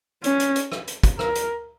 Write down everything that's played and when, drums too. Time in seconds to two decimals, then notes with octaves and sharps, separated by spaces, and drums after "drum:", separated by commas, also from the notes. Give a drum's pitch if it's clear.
0.24 C#4, drum: hi-hat
0.40 drum: hi-hat
0.56 drum: hi-hat
0.72 drum: rim click
0.88 drum: hi-hat
1.03 drum: kick, hi-hat
1.19 A#4, drum: rim click
1.35 drum: hi-hat